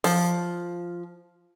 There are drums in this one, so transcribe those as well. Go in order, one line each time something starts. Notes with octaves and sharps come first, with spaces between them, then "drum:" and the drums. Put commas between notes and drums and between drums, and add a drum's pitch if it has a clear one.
F3, drum: open hi-hat